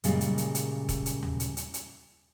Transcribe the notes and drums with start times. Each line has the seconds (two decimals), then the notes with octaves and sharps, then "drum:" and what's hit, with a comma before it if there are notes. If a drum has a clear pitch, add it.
0.04 F#2 A#2 C#3 G3 G#3, drum: hi-hat
0.21 drum: hi-hat
0.38 drum: hi-hat
0.55 drum: hi-hat
0.89 drum: kick, hi-hat
1.06 drum: hi-hat
1.23 drum: tom D#2
1.40 drum: hi-hat
1.57 drum: hi-hat
1.74 drum: hi-hat